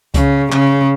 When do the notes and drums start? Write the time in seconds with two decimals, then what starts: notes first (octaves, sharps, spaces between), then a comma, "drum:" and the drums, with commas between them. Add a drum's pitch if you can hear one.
0.14 C#3, drum: kick C#2, hi-hat
0.52 C#3, drum: clap